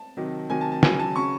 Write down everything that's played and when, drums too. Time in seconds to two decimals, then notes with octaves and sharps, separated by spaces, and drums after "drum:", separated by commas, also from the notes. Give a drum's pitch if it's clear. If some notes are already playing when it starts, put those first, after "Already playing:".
Already playing: A5
0.17 C3 D#3 F#3
0.50 C3 D#3 F#3 G#5
0.61 A5
0.72 A5
0.83 C#3 F#3 G#5, drum: snare
0.99 A5
1.16 C#3 F#3 C#6